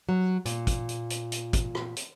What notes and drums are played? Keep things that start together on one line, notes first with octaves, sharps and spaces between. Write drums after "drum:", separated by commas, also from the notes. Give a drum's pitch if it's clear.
F#3
A#2, drum: hi-hat
drum: kick, hi-hat
drum: hi-hat
drum: hi-hat
drum: hi-hat
drum: kick, hi-hat
drum: rim click
drum: hi-hat